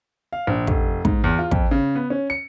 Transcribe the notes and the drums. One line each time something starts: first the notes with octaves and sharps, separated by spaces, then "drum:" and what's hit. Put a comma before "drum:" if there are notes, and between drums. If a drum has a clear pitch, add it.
F5
A#1
F1, drum: kick
G#2, drum: kick
E2
F4
F2, drum: kick
C#3
B3
C#4
C#7